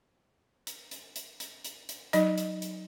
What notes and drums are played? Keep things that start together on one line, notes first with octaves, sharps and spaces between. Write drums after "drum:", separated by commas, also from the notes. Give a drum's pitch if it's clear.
drum: hi-hat
drum: hi-hat
drum: hi-hat
drum: hi-hat
drum: hi-hat
drum: hi-hat
F#3 D#4 D#5, drum: hi-hat
drum: hi-hat
drum: hi-hat